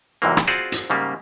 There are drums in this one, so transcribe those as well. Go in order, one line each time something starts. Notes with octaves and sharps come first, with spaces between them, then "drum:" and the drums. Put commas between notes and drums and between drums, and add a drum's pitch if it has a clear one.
E2 G#2 C3 E3 F#3 A#3
drum: rim click
C4 F4 F#4 G#4 C5 D5
drum: hi-hat
G#2 C#3 G3 A#3